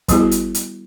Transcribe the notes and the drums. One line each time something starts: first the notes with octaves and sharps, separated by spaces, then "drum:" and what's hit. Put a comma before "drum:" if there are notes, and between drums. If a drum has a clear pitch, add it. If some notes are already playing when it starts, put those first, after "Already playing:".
D#3 G3 B3 E4 F#4 G#4, drum: kick, hi-hat
drum: hi-hat
drum: hi-hat